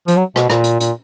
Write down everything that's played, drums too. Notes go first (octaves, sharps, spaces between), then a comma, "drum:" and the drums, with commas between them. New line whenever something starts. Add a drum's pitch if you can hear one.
F3, drum: hi-hat
F#3
B2, drum: rim click
A#2, drum: rim click
drum: hi-hat
A#2, drum: hi-hat